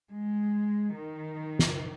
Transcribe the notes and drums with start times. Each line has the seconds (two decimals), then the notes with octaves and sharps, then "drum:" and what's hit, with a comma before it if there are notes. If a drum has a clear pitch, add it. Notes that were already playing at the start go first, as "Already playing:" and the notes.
0.12 G#3
0.96 D#3
1.59 drum: snare